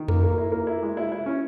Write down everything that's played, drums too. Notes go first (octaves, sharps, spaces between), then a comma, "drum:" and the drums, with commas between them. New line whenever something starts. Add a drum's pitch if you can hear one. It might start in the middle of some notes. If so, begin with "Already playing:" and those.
Already playing: D#3
A#3, drum: tom F2
A#3
E4
A#3
E4
G#3
E4
E4
C#4